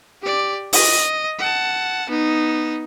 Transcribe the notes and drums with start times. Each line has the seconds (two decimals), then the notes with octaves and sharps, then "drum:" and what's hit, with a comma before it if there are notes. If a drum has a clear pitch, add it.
0.22 G4 D5
0.73 D#5, drum: open hi-hat
1.39 F#5 A5
2.09 B3 D#4